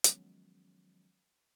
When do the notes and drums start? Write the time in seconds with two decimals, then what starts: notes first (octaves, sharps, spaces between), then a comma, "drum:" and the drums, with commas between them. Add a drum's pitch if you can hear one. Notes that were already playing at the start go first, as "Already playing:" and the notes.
0.04 D#3 F3 F#3 G#3 B3 C#4, drum: hi-hat